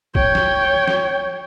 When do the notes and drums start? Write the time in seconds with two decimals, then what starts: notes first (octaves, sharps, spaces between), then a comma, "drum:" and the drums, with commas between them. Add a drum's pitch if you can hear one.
0.15 C#5 G5, drum: kick
0.35 drum: snare
0.88 drum: snare